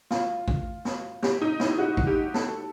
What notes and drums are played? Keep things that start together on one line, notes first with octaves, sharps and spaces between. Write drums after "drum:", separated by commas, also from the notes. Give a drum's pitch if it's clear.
F4, drum: snare
drum: kick A1
drum: snare
G4, drum: snare
D#4
E4, drum: snare
F#4
drum: kick A1
G4
A4, drum: snare